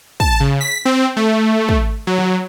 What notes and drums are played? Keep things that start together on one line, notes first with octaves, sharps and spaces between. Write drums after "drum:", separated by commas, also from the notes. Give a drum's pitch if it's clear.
A5, drum: kick
C#3
B6
C4
A3
drum: kick
F#3
drum: snare